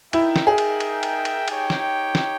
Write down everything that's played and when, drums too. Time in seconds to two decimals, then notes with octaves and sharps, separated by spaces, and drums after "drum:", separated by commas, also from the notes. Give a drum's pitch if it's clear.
0.13 D#4 E4 A#4 E5 G5, drum: cymbal
0.36 drum: snare
0.47 G#4
0.58 drum: cymbal
0.80 drum: cymbal
1.03 drum: cymbal
1.25 drum: cymbal
1.48 D#4 G4 C#5 G5, drum: cymbal
1.70 drum: snare
2.15 drum: snare